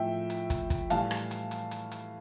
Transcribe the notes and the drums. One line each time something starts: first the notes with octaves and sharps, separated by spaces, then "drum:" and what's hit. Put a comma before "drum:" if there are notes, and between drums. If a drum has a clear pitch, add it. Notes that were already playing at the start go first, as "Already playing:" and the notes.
Already playing: A2 F3 E5 G5
drum: hi-hat
drum: kick, hi-hat
drum: kick, hi-hat
A2 E3 G3 F5 A5, drum: hi-hat
drum: rim click
drum: hi-hat
drum: hi-hat
drum: hi-hat
drum: hi-hat